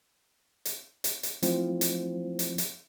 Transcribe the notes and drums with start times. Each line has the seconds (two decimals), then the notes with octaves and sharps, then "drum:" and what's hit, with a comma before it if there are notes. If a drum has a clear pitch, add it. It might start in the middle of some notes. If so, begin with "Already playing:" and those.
0.65 drum: hi-hat
1.04 drum: hi-hat
1.23 drum: hi-hat
1.43 F3 A3 C4 E4, drum: hi-hat
1.81 drum: hi-hat
2.39 drum: hi-hat
2.58 drum: hi-hat